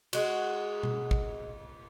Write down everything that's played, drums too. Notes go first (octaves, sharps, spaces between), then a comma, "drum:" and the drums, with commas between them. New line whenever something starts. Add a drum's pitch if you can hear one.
G#3 F#4, drum: cymbal
drum: tom B2
drum: kick